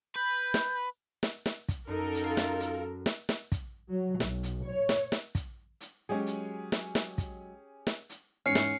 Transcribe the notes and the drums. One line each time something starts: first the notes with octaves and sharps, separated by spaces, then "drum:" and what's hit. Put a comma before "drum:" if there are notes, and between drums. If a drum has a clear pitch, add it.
B4 G6
drum: snare
drum: snare
drum: snare
drum: kick, hi-hat
F#2 D#4 A4 A#4
drum: hi-hat
F4
drum: snare
drum: hi-hat
drum: snare
drum: snare
drum: kick, hi-hat
F#3
B1, drum: snare
drum: hi-hat
C#5
drum: snare
drum: snare
drum: kick, hi-hat
drum: hi-hat
F#3 G#3 C#4 G4 G#4
drum: hi-hat
drum: snare
drum: snare
drum: kick, hi-hat
drum: snare
drum: hi-hat
E2 G#2 C#4 F6 C7 C#7
drum: snare